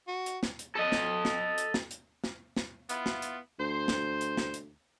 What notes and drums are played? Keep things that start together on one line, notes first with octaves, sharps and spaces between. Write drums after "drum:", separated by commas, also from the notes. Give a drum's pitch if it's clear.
F#4
drum: hi-hat
drum: snare
drum: hi-hat
A4 D#5
drum: snare
drum: snare
drum: hi-hat
drum: snare
drum: hi-hat
drum: snare
drum: snare
B3 E4 F4, drum: hi-hat
drum: snare
drum: hi-hat
D2 C5
drum: snare
drum: hi-hat
drum: snare
drum: hi-hat